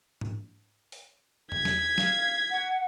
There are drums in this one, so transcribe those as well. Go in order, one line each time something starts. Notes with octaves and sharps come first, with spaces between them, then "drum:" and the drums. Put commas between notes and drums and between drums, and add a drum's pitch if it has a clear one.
drum: tom G#2
drum: open hi-hat
G#6 B6, drum: tom E2
drum: snare
F5, drum: snare
F#5